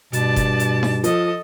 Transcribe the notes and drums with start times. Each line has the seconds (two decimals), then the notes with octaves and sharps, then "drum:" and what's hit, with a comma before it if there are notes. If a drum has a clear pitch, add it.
0.13 G2 B2 D5 A5, drum: hi-hat
0.36 drum: kick F1, hi-hat
0.59 drum: hi-hat
0.83 drum: snare D#4
1.04 F3 A4 D#5, drum: hi-hat